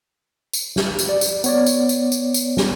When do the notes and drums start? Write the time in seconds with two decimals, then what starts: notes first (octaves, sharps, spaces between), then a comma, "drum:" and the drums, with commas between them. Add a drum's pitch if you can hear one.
0.53 drum: tambourine
0.76 drum: snare
0.99 drum: tambourine
1.09 D5
1.21 drum: tambourine
1.44 B3 C#5 D5, drum: tambourine
1.67 drum: tambourine
1.89 drum: tambourine
2.12 drum: tambourine
2.34 drum: tambourine
2.57 drum: snare